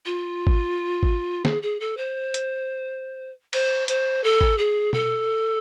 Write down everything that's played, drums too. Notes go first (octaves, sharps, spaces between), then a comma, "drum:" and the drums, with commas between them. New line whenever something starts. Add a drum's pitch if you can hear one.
F4
drum: kick G#1
drum: kick G#1
G#4, drum: snare
G#4
A4
C5
drum: hi-hat
C5, drum: cymbal
C5, drum: hi-hat
A4
drum: kick G#1
G#4
A4, drum: tom B2